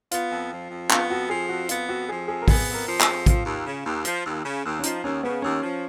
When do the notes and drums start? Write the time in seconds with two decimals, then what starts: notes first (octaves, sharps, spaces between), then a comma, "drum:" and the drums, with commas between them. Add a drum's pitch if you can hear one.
0.11 B3 F4, drum: hi-hat
0.32 F2
0.51 F3
0.71 F2
0.90 B3 F4, drum: clap
1.10 F2 F#4
1.29 F3 G#4
1.49 F2 F#4
1.69 B3 F4, drum: hi-hat
1.89 F2 F#4
2.09 F3 G#4
2.28 F2 G#4
2.42 A#4
2.48 B3 G#4, drum: kick, open hi-hat
2.68 F2
2.74 A#4
2.87 F3
3.01 G#4, drum: clap
3.07 F2
3.26 F3 F4, drum: kick, hi-hat
3.46 D#2
3.65 C#3
3.85 D#2
4.05 F3, drum: hi-hat
4.25 D#2
4.44 C#3
4.64 D#2
4.79 C#4
4.83 F3 D#4, drum: hi-hat
5.03 D#2 C#4
5.23 C#3 B3
5.42 D#2 C#4
5.62 F3